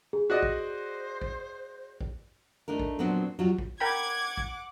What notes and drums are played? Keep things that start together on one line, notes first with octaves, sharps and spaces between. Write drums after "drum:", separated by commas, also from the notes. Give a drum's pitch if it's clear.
G#4
F#4 C5 D5 D#5
drum: kick
drum: kick
drum: kick
A3 D4 D#4 A#4
drum: kick
A#2 F#3 B3 C4 D4
F#3 G3 F4 F#4
drum: kick
A#4 F#5 G5 B5 D6 G#6
drum: kick